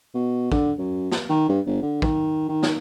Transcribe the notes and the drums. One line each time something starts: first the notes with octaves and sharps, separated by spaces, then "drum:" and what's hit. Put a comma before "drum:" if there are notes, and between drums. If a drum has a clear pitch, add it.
B2
D3, drum: kick
F#2
drum: snare
D#3
G2
G1
D3
D#3, drum: kick
D#3
drum: snare